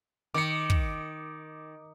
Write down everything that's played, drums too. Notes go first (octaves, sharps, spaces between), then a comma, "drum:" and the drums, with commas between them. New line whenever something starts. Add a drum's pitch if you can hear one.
D#3 D6 C#7
drum: kick